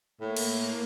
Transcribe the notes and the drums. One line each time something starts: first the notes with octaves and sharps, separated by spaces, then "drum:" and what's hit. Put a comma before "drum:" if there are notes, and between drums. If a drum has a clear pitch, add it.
A2 A#3 C#5
drum: cymbal